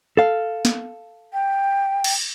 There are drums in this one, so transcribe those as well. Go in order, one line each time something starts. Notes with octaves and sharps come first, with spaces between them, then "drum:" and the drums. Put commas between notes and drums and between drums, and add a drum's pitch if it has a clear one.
A4 F5
drum: snare
G5
drum: cymbal